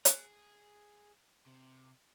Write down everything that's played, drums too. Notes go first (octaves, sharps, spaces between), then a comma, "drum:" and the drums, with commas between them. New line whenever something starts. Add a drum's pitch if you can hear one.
G#4, drum: hi-hat
C3